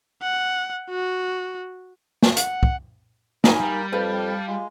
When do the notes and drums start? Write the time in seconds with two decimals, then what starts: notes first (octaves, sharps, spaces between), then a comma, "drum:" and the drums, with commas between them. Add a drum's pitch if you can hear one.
0.22 F#5
0.90 F#4
2.23 drum: snare
2.37 F#5, drum: hi-hat
2.63 drum: kick
3.44 F#2 D#4 A#4 G#5 B5, drum: snare
3.60 G3 A#3
3.93 F2 B4 F5 G5 A5
4.48 G#3 F4